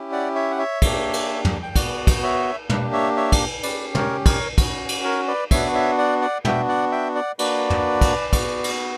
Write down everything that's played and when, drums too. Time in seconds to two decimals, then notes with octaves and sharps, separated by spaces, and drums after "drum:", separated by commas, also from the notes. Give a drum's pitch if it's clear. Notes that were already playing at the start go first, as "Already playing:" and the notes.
Already playing: C#4 E4 G4
0.12 D5 F#5
0.35 C#5 E5
0.51 F#5
0.58 C#5 E5
0.82 A#3 D4 G4, drum: kick, cymbal
1.13 drum: cymbal
1.45 drum: tom
1.63 G5
1.76 B3 F#4 D5 F#5, drum: kick, cymbal
2.07 drum: kick, cymbal
2.23 C#5 E5
2.70 A#3 D4 G4 B4, drum: tom
2.93 C#5 E5
3.17 C#5 E5
3.32 drum: kick, cymbal
3.63 C#4 G4 B4 D5, drum: cymbal
3.95 A#4 C#5, drum: tom
4.26 A#4 C#5, drum: kick, cymbal
4.58 C#4 F#4, drum: kick, cymbal
4.89 drum: cymbal
5.04 A#4 C#5
5.28 B4 D5
5.51 B3 D4 F#4 C#5 E5, drum: kick, cymbal
5.75 C#5 E5
5.98 D5 F#5
6.21 D5 F#5
6.45 B3 D4 F#4 E5 G5, drum: tom
6.68 D5 F#5
6.92 E5 G5
7.15 D5 F#5
7.39 A#3 D4 F#4 B4 D5, drum: cymbal
7.70 drum: tom
8.01 drum: kick, cymbal
8.33 B3 F#4, drum: kick, cymbal
8.64 drum: cymbal